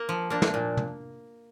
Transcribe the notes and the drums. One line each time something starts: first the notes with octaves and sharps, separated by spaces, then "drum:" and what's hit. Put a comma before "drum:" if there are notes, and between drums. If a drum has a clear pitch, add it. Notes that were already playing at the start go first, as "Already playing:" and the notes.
Already playing: A#3
F3
A#3 D4
drum: snare
A#2
drum: tom